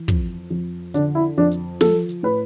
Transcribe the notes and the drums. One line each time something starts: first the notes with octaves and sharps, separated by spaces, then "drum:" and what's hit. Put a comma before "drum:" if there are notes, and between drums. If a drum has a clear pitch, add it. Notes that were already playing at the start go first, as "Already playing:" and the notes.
Already playing: E3
F2, drum: kick
F2
D3 D4, drum: hi-hat
E4
F2 D4
drum: hi-hat
F3 A4, drum: snare
drum: hi-hat
A2 B4